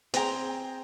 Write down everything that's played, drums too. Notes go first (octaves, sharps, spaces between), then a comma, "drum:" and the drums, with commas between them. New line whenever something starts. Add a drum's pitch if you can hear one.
C4 G#4 G5 A#5, drum: hi-hat